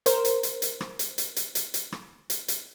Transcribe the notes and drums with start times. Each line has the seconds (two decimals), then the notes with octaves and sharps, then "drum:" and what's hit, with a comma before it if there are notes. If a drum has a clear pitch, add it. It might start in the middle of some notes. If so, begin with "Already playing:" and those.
0.06 A#4 C5, drum: hi-hat
0.25 drum: hi-hat
0.43 drum: hi-hat
0.62 drum: hi-hat
0.81 drum: rim click
0.99 drum: hi-hat
1.18 drum: hi-hat
1.36 drum: hi-hat
1.55 drum: hi-hat
1.74 drum: hi-hat
1.92 drum: rim click
2.30 drum: hi-hat
2.48 drum: hi-hat